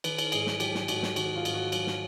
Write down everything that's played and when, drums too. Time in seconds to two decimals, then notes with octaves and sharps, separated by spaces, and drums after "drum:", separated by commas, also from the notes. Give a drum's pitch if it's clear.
0.04 D#3 B4, drum: cymbal
0.18 drum: cymbal
0.32 G#2 G#4, drum: cymbal
0.47 drum: snare
0.60 F#3 G4, drum: cymbal
0.75 drum: snare
0.88 G#2 F#4, drum: cymbal
1.03 drum: snare
1.16 D#3 F#4, drum: cymbal
1.36 F4
1.45 G#2, drum: cymbal
1.54 F#4
1.72 F#3, drum: cymbal
1.87 drum: snare